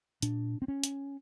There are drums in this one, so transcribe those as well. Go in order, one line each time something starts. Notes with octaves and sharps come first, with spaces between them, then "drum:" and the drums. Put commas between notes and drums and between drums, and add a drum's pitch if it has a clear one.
A#2 D4, drum: hi-hat
C4
C#4
drum: hi-hat